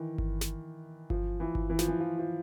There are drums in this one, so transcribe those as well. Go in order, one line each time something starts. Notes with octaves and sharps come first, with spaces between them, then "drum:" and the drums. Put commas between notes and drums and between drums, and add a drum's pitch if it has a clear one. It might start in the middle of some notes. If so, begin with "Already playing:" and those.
Already playing: D#3 E3
drum: kick G1
drum: snare
F3, drum: kick G1
E3
drum: kick G1
E3
F3, drum: snare
E3
F3
F3